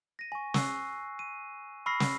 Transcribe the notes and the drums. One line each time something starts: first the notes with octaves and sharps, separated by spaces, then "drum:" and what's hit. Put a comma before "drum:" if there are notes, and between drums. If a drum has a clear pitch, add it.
A#6 D#7
G#5 C#6
C#6 E6 F#6 C7, drum: snare
D#7
B5 C#6 E6 F6 A#6 C7
drum: snare